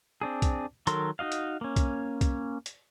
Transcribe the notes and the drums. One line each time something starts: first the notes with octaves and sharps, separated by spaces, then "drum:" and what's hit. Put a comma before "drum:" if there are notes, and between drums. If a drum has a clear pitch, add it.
C4 D4 G#4
drum: kick, hi-hat
D#3 F#3 A4 A#4 C6, drum: hi-hat
D#4 F#4 D#5 F5
drum: hi-hat
A#3 C#4
drum: kick, hi-hat
drum: kick, hi-hat
drum: hi-hat